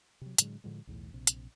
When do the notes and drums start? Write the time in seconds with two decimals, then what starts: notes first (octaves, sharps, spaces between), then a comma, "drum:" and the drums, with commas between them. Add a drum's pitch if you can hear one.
0.21 C3 F#3
0.38 A2 D3 F#3 G#3, drum: hi-hat
0.64 A2 D3 F3 G#3
0.87 B1 E2 A2
1.13 A#1 C3
1.27 drum: hi-hat